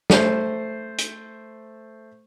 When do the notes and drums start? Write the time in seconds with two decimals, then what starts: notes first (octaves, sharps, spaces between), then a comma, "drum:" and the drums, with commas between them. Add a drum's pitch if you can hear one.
0.10 A3 C5, drum: snare
0.98 drum: hi-hat